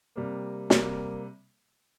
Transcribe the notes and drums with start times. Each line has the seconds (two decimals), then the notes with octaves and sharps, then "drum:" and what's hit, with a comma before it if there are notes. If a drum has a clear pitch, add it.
0.16 C3 G3 A#3
0.70 C3 G3 A#3, drum: snare